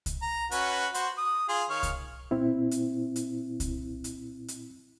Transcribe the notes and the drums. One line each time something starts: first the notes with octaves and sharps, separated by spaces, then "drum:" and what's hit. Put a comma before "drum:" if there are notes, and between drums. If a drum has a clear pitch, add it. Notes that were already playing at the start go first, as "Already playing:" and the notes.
drum: kick C2, hi-hat
A#5
C#4 F#4 B4, drum: hi-hat
F#4 C5, drum: hi-hat
D#6
F4 G#4 C6
D#3 C#5 F5
drum: kick C2, hi-hat
A#2 C4 E4
drum: hi-hat
drum: hi-hat
drum: kick C2, hi-hat
drum: hi-hat
drum: hi-hat